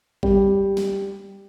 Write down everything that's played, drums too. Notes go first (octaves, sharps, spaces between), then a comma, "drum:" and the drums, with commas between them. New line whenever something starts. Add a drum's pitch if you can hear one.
G3, drum: kick
drum: snare